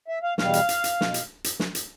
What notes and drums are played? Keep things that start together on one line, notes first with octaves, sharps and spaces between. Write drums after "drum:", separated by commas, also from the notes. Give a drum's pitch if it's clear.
E5
F5
E2 B2 G3 F5, drum: snare
drum: hi-hat
drum: hi-hat
drum: hi-hat
B2, drum: snare
drum: hi-hat
drum: hi-hat
drum: snare
drum: hi-hat